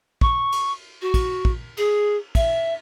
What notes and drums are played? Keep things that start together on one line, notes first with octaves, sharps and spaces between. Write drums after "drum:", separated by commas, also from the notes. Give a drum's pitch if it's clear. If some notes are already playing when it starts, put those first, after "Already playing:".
C#6, drum: kick
drum: cymbal
F#4
drum: kick, cymbal
drum: kick
G#4, drum: cymbal
E5, drum: kick, cymbal